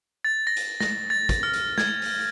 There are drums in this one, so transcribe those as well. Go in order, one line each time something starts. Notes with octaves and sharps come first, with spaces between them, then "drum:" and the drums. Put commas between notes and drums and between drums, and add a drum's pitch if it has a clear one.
A6
A#6
drum: hi-hat
A#6, drum: snare
A6
drum: kick, hi-hat
F6
drum: hi-hat
G#6, drum: snare
drum: open hi-hat